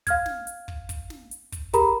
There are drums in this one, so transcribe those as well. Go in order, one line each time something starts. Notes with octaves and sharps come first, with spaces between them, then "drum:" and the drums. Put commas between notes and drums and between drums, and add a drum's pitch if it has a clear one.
F5 F6 G#6, drum: kick, hi-hat
drum: snare
drum: hi-hat
drum: kick
drum: kick, hi-hat
drum: snare
drum: hi-hat
drum: kick, hi-hat
G4 G#4 A#4 A#5 B5, drum: kick, hi-hat